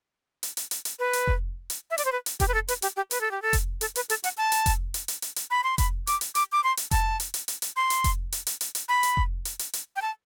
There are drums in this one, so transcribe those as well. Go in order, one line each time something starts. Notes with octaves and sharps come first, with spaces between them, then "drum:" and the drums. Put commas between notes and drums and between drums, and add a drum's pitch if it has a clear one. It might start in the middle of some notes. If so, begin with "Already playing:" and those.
drum: hi-hat
drum: hi-hat
drum: hi-hat
drum: hi-hat
B4
drum: hi-hat
drum: kick F1
drum: hi-hat
E5
D5, drum: hi-hat
C5
B4
drum: hi-hat
G4, drum: kick F1, hi-hat
B4
A4
B4, drum: hi-hat
G4, drum: hi-hat
G4
B4, drum: hi-hat
A4
G4
A4
drum: kick F1, hi-hat
A4, drum: hi-hat
B4, drum: hi-hat
A4, drum: hi-hat
F#5, drum: hi-hat
A5
drum: hi-hat
drum: kick F1, hi-hat
drum: hi-hat
drum: hi-hat
drum: hi-hat
drum: hi-hat
B5
C6
B5, drum: kick F1, hi-hat
D6, drum: hi-hat
drum: hi-hat
D6, drum: hi-hat
D6
C6
drum: hi-hat
A5, drum: kick F1, hi-hat
drum: hi-hat
drum: hi-hat
drum: hi-hat
drum: hi-hat
C6
drum: hi-hat
drum: kick F1, hi-hat
drum: hi-hat
drum: hi-hat
drum: hi-hat
drum: hi-hat
B5
drum: hi-hat
drum: kick F1
drum: hi-hat
drum: hi-hat
drum: hi-hat
G5
A5